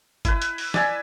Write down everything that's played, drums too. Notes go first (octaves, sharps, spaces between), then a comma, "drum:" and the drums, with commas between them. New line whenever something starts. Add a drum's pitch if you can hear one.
E4 B4, drum: kick G1, hi-hat
drum: hi-hat
drum: open hi-hat
D5 E5 G#5 E6, drum: snare